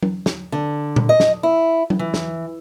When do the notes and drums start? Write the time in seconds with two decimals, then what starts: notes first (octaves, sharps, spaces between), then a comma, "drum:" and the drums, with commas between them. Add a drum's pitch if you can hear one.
0.03 drum: tom F#3
0.26 drum: snare
0.52 D3
0.96 drum: tom A#2
1.09 D#5
1.20 drum: snare
1.43 E4
1.90 drum: tom F#3
1.99 E3
2.14 drum: snare